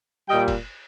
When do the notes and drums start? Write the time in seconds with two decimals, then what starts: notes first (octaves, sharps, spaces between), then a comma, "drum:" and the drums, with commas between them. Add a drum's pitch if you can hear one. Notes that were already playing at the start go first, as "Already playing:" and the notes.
0.29 A#2 G3 D#5 G5
0.48 drum: kick, cymbal